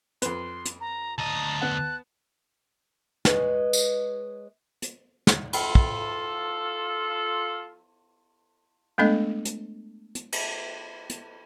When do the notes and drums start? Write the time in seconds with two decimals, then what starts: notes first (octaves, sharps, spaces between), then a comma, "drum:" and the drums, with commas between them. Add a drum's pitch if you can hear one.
0.22 F2 B4 C6, drum: hi-hat
0.65 drum: hi-hat
0.81 A#5
1.18 D2 D#5 A5 A#5
1.61 B3 F#5 F#6
3.25 G#3 B4 C#5 D#5, drum: snare
3.73 drum: tambourine
4.82 drum: hi-hat
5.27 drum: snare
5.53 F4 A4, drum: cymbal
5.75 drum: kick
8.98 G#3 A3 B3 D4 A4 D#5
9.45 drum: hi-hat
10.15 drum: hi-hat
10.33 drum: cymbal
11.10 drum: hi-hat